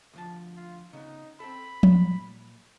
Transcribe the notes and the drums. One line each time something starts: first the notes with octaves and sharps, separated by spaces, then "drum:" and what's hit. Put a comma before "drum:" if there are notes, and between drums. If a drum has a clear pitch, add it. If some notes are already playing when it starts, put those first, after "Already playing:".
D2 F3 A5
F4
C#3 B3 D#4
C4 A4 B5
A#2, drum: tom F3